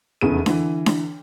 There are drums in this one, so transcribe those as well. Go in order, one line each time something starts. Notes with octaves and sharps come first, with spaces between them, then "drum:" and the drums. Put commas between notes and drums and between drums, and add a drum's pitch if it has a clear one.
F1 E2 C#3 G#4 D#7
D3 E3, drum: snare D4
drum: snare D4